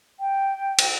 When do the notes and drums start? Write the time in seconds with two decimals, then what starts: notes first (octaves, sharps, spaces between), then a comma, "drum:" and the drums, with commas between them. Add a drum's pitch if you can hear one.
0.19 G5
0.79 drum: cymbal